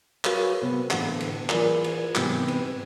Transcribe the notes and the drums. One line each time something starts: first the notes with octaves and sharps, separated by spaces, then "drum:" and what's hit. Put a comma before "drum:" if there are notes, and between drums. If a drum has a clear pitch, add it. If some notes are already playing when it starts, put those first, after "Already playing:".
F#4 G#4 A#4 B4 C#5 F5, drum: clap
C3 B3
A2 D3 E3 B3 F5 F#5, drum: clap
drum: cymbal
E3 F4 G#4 A#4 B4 D5, drum: clap
drum: cymbal
G#2 C3 E3 B3, drum: clap
drum: cymbal